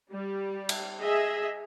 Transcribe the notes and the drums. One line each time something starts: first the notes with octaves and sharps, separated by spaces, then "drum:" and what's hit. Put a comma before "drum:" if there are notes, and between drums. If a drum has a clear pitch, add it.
G3
drum: cymbal
G#4 D#5 E5